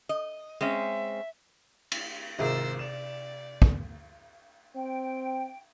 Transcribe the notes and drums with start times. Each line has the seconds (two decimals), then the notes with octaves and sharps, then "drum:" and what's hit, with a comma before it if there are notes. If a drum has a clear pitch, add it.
0.09 D#5
0.61 G#3 C4 C#4 E5
1.92 drum: cymbal
2.39 G#1 C3 F4 G#4 A#4 C5 E5 E6
2.79 D5 E7
3.62 drum: kick
4.75 C4 G5